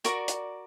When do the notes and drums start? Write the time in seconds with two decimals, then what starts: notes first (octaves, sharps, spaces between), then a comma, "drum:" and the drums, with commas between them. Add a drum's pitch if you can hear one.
0.04 F#4 A#4 D5 C#6, drum: hi-hat
0.28 drum: hi-hat